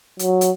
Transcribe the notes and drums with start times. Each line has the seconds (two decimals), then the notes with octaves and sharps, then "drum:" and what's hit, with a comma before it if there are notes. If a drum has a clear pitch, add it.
0.19 F#3, drum: hi-hat
0.41 drum: hi-hat